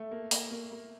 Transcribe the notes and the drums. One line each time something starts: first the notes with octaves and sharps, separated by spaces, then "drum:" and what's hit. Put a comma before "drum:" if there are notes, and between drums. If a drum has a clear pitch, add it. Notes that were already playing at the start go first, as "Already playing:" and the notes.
Already playing: A3
A#3
A#3, drum: open hi-hat
A#3
A#3